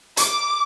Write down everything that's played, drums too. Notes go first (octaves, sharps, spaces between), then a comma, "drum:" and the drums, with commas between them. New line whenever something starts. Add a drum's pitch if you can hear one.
D6, drum: hi-hat